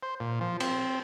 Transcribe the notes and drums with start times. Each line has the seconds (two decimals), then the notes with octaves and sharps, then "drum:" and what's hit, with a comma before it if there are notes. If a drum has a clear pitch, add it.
0.03 C5
0.20 A#2
0.41 F3
0.60 C4, drum: cymbal